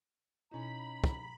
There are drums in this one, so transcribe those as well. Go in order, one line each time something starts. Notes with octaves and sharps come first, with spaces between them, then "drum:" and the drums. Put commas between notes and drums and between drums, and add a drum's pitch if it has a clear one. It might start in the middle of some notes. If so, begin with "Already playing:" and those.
B2 C#4 D#4 E4 A#5 B5
drum: kick